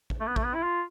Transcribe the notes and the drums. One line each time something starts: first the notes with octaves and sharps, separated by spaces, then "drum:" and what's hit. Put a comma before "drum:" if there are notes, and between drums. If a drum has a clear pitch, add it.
drum: kick A1
A3
B3
A3, drum: kick A1
B3
E4
F4